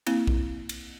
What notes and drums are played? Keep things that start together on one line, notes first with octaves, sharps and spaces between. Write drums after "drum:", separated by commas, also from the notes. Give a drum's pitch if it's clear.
A#3 C4 E4, drum: cymbal
drum: kick
drum: cymbal